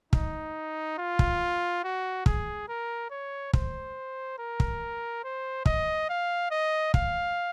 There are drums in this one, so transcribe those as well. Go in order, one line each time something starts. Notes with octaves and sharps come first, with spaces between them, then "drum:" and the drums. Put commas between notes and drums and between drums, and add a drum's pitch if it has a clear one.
D#4, drum: kick
F4
drum: kick
F#4
G#4, drum: kick
A#4
C#5
C5, drum: kick
A#4
drum: kick
C5
D#5, drum: kick
F5
D#5
F5, drum: kick